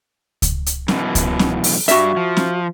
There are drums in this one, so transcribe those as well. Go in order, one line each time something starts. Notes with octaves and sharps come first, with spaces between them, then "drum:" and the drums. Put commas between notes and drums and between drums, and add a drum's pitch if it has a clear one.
drum: kick C#2, hi-hat
drum: hi-hat
F#2 B2 E3, drum: snare
drum: kick C#2, hi-hat
drum: snare
drum: open hi-hat
G2 G3 F#4 E5, drum: hi-hat
F3
drum: snare